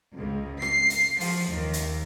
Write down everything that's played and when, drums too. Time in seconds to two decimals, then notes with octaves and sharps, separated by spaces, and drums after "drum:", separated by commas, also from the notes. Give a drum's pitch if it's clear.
0.14 C#2
0.62 C7, drum: rim click
0.90 drum: hi-hat
1.20 F3, drum: open hi-hat
1.49 D#2
1.73 drum: hi-hat